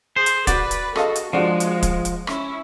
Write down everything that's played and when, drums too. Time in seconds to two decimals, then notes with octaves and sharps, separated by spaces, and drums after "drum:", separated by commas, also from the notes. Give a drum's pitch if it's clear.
0.16 G#4 C5
0.26 drum: hi-hat
0.47 F#4 B4 D5, drum: kick, hi-hat
0.71 drum: hi-hat
0.96 F#4 A4 D#5 F5, drum: rim click
1.15 drum: hi-hat
1.33 F3 G#3 D4 F#4
1.60 drum: hi-hat
1.83 drum: kick, hi-hat
2.05 drum: hi-hat
2.27 C#4 E4, drum: rim click